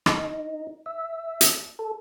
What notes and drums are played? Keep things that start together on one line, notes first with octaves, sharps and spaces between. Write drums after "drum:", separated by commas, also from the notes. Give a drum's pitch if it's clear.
D#4, drum: rim click
E5
drum: hi-hat
A4